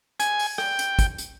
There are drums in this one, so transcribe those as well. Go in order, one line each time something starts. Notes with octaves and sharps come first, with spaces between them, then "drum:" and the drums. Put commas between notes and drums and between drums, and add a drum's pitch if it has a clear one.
G#5, drum: hi-hat
drum: open hi-hat
G5, drum: rim click
drum: hi-hat
drum: kick, hi-hat
drum: hi-hat